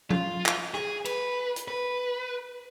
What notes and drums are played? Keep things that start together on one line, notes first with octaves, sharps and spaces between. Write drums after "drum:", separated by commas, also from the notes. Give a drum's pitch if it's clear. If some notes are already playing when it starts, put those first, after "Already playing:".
F4, drum: tom F3
drum: clap
G#4, drum: rim click
B4, drum: cymbal
drum: hi-hat
B4